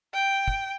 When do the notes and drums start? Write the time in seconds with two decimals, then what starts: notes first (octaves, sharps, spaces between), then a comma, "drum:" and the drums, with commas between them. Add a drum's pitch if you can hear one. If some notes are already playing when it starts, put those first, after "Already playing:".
0.14 G5
0.48 drum: kick